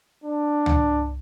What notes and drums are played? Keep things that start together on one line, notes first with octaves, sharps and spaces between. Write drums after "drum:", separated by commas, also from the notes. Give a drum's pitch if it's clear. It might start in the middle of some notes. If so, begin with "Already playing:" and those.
D4
drum: tom